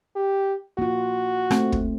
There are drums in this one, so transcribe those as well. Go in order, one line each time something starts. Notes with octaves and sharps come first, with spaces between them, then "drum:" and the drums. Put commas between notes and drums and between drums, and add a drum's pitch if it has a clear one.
G4
A#3 F4 F#4
A3 C4, drum: rim click
drum: kick